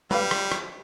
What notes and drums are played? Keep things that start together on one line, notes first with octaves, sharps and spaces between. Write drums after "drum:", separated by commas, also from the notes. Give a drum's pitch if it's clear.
G3 B4 F5, drum: tom
drum: rim click
drum: rim click